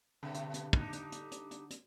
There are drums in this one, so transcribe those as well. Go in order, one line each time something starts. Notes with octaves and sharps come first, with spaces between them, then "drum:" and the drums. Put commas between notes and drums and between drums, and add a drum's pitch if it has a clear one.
G2 B2 D3
drum: hi-hat
drum: hi-hat
G3 D4 D#4, drum: kick
drum: hi-hat
drum: hi-hat
drum: hi-hat
drum: hi-hat
drum: hi-hat